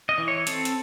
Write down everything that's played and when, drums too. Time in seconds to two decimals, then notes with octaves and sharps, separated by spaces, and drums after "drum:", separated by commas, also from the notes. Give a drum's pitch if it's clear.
0.09 D#5
0.18 E3
0.28 C#5
0.47 C4 A4, drum: hi-hat
0.65 drum: hi-hat